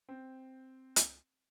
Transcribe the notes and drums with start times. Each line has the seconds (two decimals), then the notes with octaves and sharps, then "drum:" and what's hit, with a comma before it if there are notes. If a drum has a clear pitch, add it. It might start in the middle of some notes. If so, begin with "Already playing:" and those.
0.09 C4
0.96 drum: hi-hat